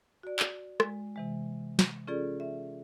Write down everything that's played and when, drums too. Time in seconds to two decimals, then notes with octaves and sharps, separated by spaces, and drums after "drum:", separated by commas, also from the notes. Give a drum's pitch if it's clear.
0.23 F#4 D5
0.39 drum: clap
0.80 G#3, drum: rim click
1.16 C3 E3 G#3
1.79 drum: snare
2.07 C#4 F4 G#4 A4 D5
2.40 E5